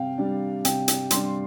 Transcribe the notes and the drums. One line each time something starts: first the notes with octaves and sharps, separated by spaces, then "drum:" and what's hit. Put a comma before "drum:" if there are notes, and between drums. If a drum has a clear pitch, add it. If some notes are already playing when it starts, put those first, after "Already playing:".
Already playing: C3 F5 G5
G3 D4
C3 G5, drum: hi-hat
drum: hi-hat
G3 C6, drum: hi-hat
D4